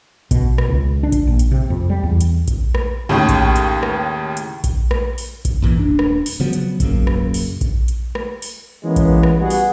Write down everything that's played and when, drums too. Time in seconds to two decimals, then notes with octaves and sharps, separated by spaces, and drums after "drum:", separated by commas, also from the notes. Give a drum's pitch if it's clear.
0.31 B2, drum: kick A#1, hi-hat
0.58 drum: rim click
0.69 C#2
1.03 D4
1.12 drum: kick A#1, hi-hat
1.27 A#1
1.39 drum: hi-hat
1.52 C3
1.70 F2
1.90 G3
2.03 E2
2.21 drum: hi-hat
2.48 drum: kick A#1, hi-hat
2.75 drum: rim click
3.09 D#2 A2 C#3
3.29 drum: kick A#1, hi-hat
3.56 drum: hi-hat
3.83 drum: rim click
4.37 drum: hi-hat
4.64 drum: kick A#1, hi-hat
4.91 drum: rim click
5.18 drum: open hi-hat
5.45 drum: kick A#1, hi-hat
5.62 F#2 A#2 E3
5.79 D#1 D4
5.99 drum: rim click
6.26 drum: open hi-hat
6.40 C#3 F3 F#3 B3
6.53 drum: hi-hat
6.80 D#1 F#2 A#2 C#3, drum: kick A#1, hi-hat
7.07 drum: rim click
7.34 drum: open hi-hat
7.61 drum: kick A#1, hi-hat
7.88 drum: hi-hat
8.15 drum: rim click
8.42 drum: open hi-hat
8.84 E3 G#3 A#3 B3 C#4
8.96 drum: kick A#1, hi-hat
9.23 drum: rim click
9.40 G3 B3 F#4 G#4 F#5
9.50 drum: open hi-hat